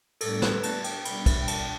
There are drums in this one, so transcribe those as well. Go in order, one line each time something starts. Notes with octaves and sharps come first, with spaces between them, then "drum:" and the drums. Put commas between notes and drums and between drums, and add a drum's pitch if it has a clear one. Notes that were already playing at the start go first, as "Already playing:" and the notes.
A2 G3 B3 D4 A4, drum: cymbal
B4, drum: snare
A5, drum: cymbal
G5, drum: cymbal
B2 G3 D4 B5, drum: cymbal
drum: kick, cymbal
G5
A5, drum: cymbal